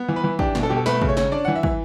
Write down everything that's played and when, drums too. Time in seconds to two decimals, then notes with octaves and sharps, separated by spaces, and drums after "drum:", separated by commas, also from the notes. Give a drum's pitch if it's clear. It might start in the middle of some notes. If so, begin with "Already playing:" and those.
Already playing: B3
0.08 E3
0.16 B4
0.24 E3
0.39 D4 G4, drum: kick
0.55 B2, drum: snare
0.63 A4
0.70 B2 G4
0.77 A4
0.86 A3 B4, drum: snare
1.02 C#3, drum: kick
1.09 C#5
1.17 C#4, drum: snare
1.32 D4 D5
1.45 E3 F#5
1.56 E5
1.63 E3, drum: kick